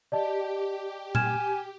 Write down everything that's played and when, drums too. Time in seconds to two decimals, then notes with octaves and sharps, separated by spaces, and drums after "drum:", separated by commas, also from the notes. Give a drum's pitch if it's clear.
0.12 G4 D5 D#5 A5
1.15 G#5 F6 G#6 E7, drum: tom A#2